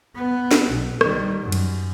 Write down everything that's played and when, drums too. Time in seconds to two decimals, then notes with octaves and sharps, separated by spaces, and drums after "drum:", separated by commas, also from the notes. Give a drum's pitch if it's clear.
0.15 B3
0.51 drum: snare
0.70 B1
1.01 D#3 G3, drum: rim click
1.42 F#2
1.52 drum: cymbal